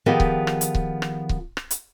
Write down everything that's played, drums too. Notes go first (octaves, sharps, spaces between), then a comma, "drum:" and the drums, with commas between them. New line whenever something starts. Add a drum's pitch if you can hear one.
D#3 F3 B3 G4 G#4 D#5
drum: kick C#1
drum: rim click
drum: hi-hat
drum: kick C#1
drum: rim click
drum: kick C#1
drum: rim click
drum: hi-hat